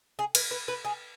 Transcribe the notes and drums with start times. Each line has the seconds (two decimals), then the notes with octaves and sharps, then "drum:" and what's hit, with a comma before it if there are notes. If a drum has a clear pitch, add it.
0.19 G#4
0.35 B4, drum: cymbal
0.51 B4
0.68 B4
0.85 G#4